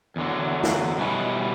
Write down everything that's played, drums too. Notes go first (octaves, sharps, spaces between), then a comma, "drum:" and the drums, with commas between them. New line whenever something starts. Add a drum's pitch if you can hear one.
E2 D3 F#3
drum: snare
B2 G3 C#4 E4 B4